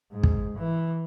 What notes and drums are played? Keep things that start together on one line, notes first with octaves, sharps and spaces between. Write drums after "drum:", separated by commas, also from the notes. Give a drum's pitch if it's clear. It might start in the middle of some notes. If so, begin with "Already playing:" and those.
G#2
drum: kick
E3